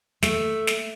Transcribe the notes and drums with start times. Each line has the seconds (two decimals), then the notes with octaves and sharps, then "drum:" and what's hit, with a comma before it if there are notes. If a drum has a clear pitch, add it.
0.23 A3, drum: snare
0.67 drum: snare